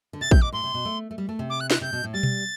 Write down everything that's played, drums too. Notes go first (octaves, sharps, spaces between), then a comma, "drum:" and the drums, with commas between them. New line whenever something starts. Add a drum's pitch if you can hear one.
D3
C3 A6
C3 G6, drum: kick
B2 D6
A2 C6
C3
B2
A3
A3
G3
A3
C3
D6
F#6
F#6, drum: snare
C3 G6
B2
A2
G3 A6
drum: tom B2